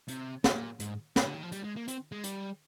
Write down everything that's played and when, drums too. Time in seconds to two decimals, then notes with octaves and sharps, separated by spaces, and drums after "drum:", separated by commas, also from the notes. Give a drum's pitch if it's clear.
0.08 C3, drum: hi-hat
0.44 A#2, drum: snare
0.80 G#2, drum: hi-hat
1.16 G#2, drum: snare
1.25 D3
1.34 D#3
1.43 F3
1.52 G3, drum: hi-hat
1.64 G#3
1.76 A#3
1.88 C4, drum: hi-hat
2.12 G#3
2.24 G3, drum: hi-hat